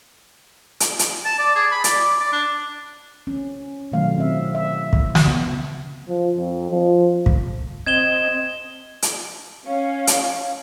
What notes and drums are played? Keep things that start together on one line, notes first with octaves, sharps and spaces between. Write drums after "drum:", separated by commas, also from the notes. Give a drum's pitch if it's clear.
drum: hi-hat
drum: hi-hat
A5
D5
G#4
B5
D5, drum: hi-hat
D5
D4
C#4
B2 D#3 F#3 A3 F5
C4 E5
E5
drum: kick
drum: snare
C#3 B3
F3
F2
F3
drum: kick
C4 D#5 G#6 E7 G7
drum: hi-hat
C#4 F5
drum: hi-hat